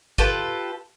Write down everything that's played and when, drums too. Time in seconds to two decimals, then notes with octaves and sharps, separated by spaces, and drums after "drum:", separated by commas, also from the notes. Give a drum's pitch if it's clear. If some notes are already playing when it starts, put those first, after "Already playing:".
0.18 F4 G4 A4 B4, drum: kick